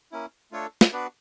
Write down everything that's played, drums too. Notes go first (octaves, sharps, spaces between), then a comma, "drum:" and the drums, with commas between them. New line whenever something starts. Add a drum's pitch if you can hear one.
A#3 C#4 E4
A3 D4 F4 A4 C#5
drum: snare
B3 D4 F#4 B4 D5